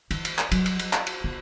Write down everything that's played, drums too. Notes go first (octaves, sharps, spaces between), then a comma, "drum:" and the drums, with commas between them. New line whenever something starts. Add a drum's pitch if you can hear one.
E3, drum: cymbal
drum: cymbal
drum: clap
F#3, drum: cymbal
drum: cymbal
drum: cymbal
drum: clap
drum: cymbal
B3